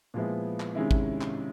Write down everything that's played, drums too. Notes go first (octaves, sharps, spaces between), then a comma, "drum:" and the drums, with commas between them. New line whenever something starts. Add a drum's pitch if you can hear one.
A#2 F3 G#3 B3 E4
drum: clap
C3 D#3 G#3 C#4 E4
drum: kick G#1
drum: clap